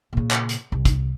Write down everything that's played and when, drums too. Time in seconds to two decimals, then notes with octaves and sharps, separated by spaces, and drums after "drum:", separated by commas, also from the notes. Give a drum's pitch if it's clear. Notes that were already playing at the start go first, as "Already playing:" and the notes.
0.13 A#2 C#3
0.31 drum: clap
0.49 drum: hi-hat
0.72 C2
0.85 drum: kick, hi-hat